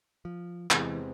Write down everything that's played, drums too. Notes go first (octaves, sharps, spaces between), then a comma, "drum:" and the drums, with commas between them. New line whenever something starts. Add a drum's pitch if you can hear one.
F3
E2 C3 E3 G#3 C4, drum: clap